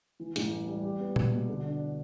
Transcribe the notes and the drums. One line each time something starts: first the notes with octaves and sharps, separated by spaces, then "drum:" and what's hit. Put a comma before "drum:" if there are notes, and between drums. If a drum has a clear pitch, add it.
E3
A1, drum: hi-hat
G3
G3
G4
B3
B2, drum: tom A#2
B2
D3
D4
D4